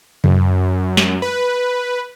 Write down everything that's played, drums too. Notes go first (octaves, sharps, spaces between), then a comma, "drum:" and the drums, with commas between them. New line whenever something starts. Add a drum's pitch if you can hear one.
F#2, drum: tom C3
drum: snare
B4